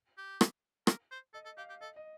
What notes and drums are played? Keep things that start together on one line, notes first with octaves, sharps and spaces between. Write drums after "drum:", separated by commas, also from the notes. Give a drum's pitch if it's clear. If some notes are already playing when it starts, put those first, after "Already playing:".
G4
drum: rim click
A#4, drum: rim click
C5
A4 D#5
A4
G4 F5
G4
A4 D#5
D#5